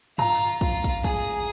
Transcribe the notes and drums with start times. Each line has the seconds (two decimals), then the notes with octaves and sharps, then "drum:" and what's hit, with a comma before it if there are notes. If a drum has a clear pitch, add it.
0.18 F4 A#5, drum: tom
0.34 drum: tambourine
0.61 F4, drum: kick
0.84 drum: kick
1.04 G#4 G#5, drum: kick